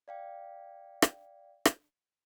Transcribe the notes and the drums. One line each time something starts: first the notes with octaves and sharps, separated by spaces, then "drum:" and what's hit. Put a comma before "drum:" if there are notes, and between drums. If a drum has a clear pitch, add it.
D5 F5 G5
drum: rim click
drum: rim click